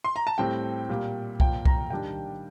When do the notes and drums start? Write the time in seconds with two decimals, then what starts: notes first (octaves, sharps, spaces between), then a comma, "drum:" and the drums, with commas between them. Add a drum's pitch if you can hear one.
0.04 C6
0.16 A#5
0.27 A5
0.38 A2 G3 C4 G5
0.89 A#2 G3 A#3
1.40 A#2 F3 A#3 G5, drum: kick C2
1.65 A#5, drum: kick C2
1.90 D#3 G3 D4 G5